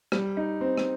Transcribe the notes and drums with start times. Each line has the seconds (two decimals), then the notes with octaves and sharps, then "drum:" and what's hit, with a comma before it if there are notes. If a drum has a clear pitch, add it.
0.12 G3, drum: rim click
0.37 D#4
0.61 C4
0.78 drum: rim click